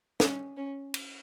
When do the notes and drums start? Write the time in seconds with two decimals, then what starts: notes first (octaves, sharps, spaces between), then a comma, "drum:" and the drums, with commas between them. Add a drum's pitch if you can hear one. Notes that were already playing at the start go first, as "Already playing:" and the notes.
0.20 C#4, drum: snare
0.57 C#4
0.94 drum: cymbal